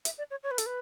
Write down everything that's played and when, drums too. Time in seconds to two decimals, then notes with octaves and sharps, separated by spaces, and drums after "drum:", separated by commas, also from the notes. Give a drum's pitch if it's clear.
0.05 E5, drum: hi-hat
0.18 D5
0.30 C#5
0.43 C#5
0.51 B4
0.58 A4, drum: hi-hat
0.66 B4